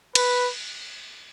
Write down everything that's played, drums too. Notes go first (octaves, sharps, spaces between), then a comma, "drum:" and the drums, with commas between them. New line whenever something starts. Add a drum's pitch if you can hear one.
B4, drum: cymbal